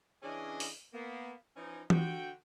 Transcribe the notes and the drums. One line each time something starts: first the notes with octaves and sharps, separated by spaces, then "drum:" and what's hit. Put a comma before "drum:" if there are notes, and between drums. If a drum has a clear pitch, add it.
C#3 E3 C#4 D4 D#5 G#5
drum: open hi-hat
A#3 B3
E3 F3 C#4 D#4
D3 F#4 G5, drum: tom E3